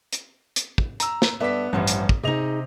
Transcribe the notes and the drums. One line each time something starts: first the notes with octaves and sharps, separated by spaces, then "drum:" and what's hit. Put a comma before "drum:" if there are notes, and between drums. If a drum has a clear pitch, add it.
drum: hi-hat
drum: hi-hat
drum: kick
A#5 E6, drum: hi-hat
drum: snare
G2 B3 A4 E5 D6 B6
A1 G2 E3 F3 F#5
drum: hi-hat
drum: kick
C3 D#4 G#4 D#5 F7